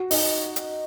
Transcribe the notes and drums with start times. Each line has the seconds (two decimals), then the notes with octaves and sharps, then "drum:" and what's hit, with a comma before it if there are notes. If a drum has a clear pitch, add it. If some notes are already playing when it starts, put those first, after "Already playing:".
Already playing: F#4
0.11 D#4, drum: open hi-hat
0.56 drum: hi-hat